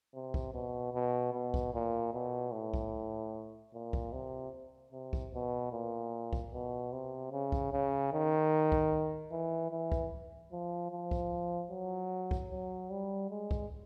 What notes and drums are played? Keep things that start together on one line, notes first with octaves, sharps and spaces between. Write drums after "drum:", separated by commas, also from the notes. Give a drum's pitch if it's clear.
C3
drum: kick
B2
B2
B2
drum: kick
A#2
B2
A2
drum: kick
A#2
drum: kick
C3
C3
drum: kick
B2
A#2
drum: kick
B2
C3
C#3
drum: kick
C#3
D#3
drum: kick
E3
E3
drum: kick
F3
F3
drum: kick
F#3
drum: kick
F#3
G3
G#3
drum: kick